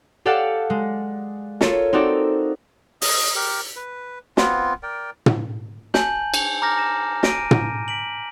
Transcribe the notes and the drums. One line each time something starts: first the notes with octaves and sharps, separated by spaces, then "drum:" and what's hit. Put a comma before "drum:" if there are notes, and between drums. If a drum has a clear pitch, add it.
G4 A4 D5 F5 F#5 A5
G#3
F4 A4 A#4 C#5, drum: snare
C4 D#4 F#4 A4 A#4 D5
D#5 D#6, drum: open hi-hat
G4 A#4
B4
B3 C4 F4, drum: snare
A#4 D5 G5
drum: tom
G#5 A5 G6 F#7, drum: snare
drum: cymbal
A#5 D6 F6 G6 A#6
A#6 E7
A#6 D7 D#7, drum: snare
drum: tom
B6 D7 F#7